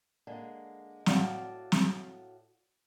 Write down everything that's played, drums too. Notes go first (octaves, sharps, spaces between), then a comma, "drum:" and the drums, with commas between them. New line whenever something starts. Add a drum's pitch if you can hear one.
D3 G#3 A#3
A2 F#4 D5 F5 A5, drum: snare
drum: snare